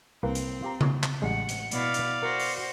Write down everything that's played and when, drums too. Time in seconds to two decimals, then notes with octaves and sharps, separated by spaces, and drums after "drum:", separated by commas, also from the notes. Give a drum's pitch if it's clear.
0.23 C2 A#3 C4 B4
0.35 drum: hi-hat
0.63 F4 G4 A#5
0.81 drum: tom C#3
1.03 drum: clap
1.22 A1 G3 G#3 F#5
1.49 drum: hi-hat
1.71 B2 E4 D5 F5, drum: hi-hat
1.94 drum: hi-hat
2.22 F#4 A#4 C5
2.40 drum: open hi-hat